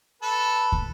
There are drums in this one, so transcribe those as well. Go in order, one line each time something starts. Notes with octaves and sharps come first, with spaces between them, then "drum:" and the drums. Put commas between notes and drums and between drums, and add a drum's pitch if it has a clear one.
A4 B4
drum: kick